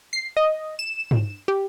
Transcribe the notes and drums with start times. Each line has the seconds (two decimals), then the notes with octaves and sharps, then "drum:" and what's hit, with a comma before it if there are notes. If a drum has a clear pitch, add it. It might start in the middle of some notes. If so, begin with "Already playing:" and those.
0.13 C7
0.37 D#5
0.79 E7
1.11 drum: tom
1.48 G4